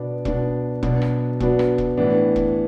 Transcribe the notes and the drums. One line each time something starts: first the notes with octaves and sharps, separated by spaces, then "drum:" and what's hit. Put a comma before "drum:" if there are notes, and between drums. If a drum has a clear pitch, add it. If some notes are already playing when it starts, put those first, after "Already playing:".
Already playing: B2 B3 D4 D5
B2 B3 D4, drum: kick E1
B2 F#3 B3 D4, drum: kick E1
drum: rim click
B2 F#3 B3 D4, drum: kick E1
drum: rim click
drum: kick E1
A2 E3 B3 D4
drum: kick E1